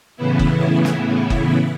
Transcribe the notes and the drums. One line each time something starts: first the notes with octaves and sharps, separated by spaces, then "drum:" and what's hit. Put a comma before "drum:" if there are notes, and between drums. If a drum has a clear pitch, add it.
A2 C#3 E3 B3 E4
drum: kick F#1
drum: snare
drum: kick F#1